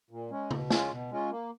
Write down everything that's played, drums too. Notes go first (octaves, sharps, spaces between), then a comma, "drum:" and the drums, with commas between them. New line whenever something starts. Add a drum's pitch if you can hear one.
A#2
G#3 C#4
B2, drum: tom C#3
G#3 C#4 F4, drum: snare
B2
G#3 C#4 F4
A#3